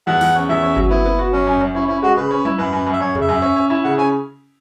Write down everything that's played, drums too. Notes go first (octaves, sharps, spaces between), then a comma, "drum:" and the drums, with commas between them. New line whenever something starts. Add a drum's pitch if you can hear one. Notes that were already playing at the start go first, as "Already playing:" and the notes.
E2 F#5
E2, drum: open hi-hat
C#4
E2 E5
C#4
F#3, drum: kick G1
B3 E4
B3
F#4
F#2 C#4
F#2
F#2
C#4 E4
C#4 E4
G#3 F#4
C#3 B4
C#4
E4, drum: tom F#3
F#2 B4
F#2
F#2
E5
F#2 C#5
C#3, drum: tom E2
E5
F#2
C#4
C#4
E4
C#3 F#5
C#4 G#5